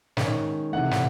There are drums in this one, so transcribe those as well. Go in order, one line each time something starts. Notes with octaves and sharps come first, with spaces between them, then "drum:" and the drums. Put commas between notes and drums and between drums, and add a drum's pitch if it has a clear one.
D#3 G#3 C#4 C#5, drum: snare
C3 E3 A3 F#5
drum: snare